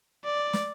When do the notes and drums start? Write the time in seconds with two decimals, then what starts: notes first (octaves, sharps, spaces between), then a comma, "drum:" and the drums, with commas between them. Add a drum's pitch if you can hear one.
0.24 D5
0.53 drum: snare